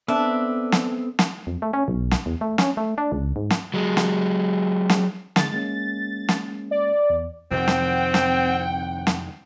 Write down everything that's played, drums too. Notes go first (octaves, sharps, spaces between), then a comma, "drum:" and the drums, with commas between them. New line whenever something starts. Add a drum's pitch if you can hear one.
B3 C4 D4 A4 E5 F#6
drum: snare
drum: snare
F2
A3
C#4
B1
drum: snare
E2
A3
C#4, drum: snare
A3
D4
C#2
G#2
drum: snare
F#3 G#3
drum: snare
drum: snare
D3 D#3 G#3 A6, drum: snare
G#3 A#3 C#4
drum: snare
D5
E2
F2 C3 D#3 C4 F#5 G5
drum: snare
drum: snare
drum: snare